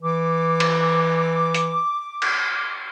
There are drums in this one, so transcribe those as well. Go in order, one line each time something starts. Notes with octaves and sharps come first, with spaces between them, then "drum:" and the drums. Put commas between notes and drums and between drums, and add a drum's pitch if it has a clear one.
E3 D6
drum: cymbal
drum: hi-hat
drum: cymbal